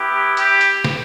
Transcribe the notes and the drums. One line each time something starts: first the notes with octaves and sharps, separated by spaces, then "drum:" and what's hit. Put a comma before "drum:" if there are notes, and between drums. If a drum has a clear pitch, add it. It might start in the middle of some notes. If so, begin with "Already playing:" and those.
Already playing: B3 E4 G4
G4, drum: hi-hat
drum: hi-hat
drum: snare